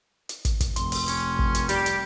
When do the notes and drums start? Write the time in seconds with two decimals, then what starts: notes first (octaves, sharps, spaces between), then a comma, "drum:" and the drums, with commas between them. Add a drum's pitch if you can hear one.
0.29 drum: hi-hat
0.45 drum: kick, hi-hat
0.60 drum: kick, hi-hat
0.76 F1 C6, drum: hi-hat
0.92 drum: open hi-hat
1.08 C#4, drum: hi-hat
1.39 drum: kick
1.55 drum: hi-hat
1.69 G3 G4, drum: hi-hat
1.86 drum: hi-hat